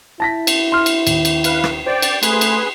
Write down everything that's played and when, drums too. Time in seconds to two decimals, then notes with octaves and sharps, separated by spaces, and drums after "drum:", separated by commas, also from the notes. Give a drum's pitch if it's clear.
0.20 E4 A5 A#6 B6
0.47 drum: cymbal
0.72 C6 F6
0.86 drum: cymbal
1.07 D#2, drum: cymbal
1.25 drum: cymbal
1.44 B4 F5, drum: cymbal
1.64 drum: rim click
1.86 C5 D5 G5
2.02 drum: cymbal
2.23 A3 G#4 B4 C6, drum: cymbal
2.41 drum: cymbal